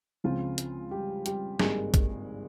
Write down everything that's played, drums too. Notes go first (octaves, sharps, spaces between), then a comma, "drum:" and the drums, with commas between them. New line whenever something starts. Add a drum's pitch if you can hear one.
C#2 C#3 F3 C4 F4
drum: hi-hat
G3 G4
G3 G4, drum: hi-hat
G#1 G2 D#3 G#3 A#3 G#4, drum: snare
drum: kick A#1, hi-hat